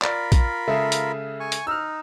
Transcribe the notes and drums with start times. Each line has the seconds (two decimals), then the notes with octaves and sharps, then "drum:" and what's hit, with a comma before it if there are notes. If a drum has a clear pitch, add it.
0.02 F4 A#4 D5 B5, drum: clap
0.32 drum: kick A#1, hi-hat
0.67 C#3 G#3 G#4 A4 E5
0.92 drum: hi-hat
1.40 G#5 C#6
1.52 drum: hi-hat
1.67 D#4 E6 F6